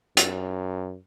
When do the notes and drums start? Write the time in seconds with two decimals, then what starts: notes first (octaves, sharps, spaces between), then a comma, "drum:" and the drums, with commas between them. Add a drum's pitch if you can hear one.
0.17 F#2, drum: hi-hat